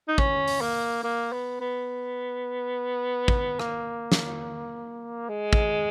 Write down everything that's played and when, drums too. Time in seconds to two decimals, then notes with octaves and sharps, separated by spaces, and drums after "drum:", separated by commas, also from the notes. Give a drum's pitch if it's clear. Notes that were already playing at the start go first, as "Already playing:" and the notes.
0.08 D#4
0.18 C#4, drum: kick
0.48 drum: open hi-hat
0.61 A#3
1.04 A#3
1.32 B3
1.60 B3
3.28 drum: kick
3.60 A#3, drum: rim click
4.12 drum: snare
5.29 G#3
5.53 drum: kick